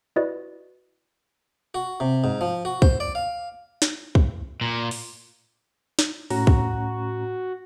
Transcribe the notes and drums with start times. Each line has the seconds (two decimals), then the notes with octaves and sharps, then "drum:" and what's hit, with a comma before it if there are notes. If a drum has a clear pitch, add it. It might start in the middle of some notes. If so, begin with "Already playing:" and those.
0.16 E4 F#4 B4 D5 D#5
1.74 F#4
2.00 C3
2.24 G#2
2.41 F3
2.65 F#4
2.82 C5, drum: kick
3.00 D5
3.15 F5
3.82 drum: snare
4.15 drum: kick
4.61 A#2
4.91 drum: open hi-hat
5.99 drum: snare
6.30 A2 C#4 F#4 A#5, drum: open hi-hat
6.47 drum: kick